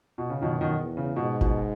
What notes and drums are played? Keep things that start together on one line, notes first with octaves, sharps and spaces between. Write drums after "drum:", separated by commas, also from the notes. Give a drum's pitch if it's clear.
B2
C#3
F#2 B2 D#3
B2 D#3
E2
C#3
G#2 B2
B2, drum: kick F#1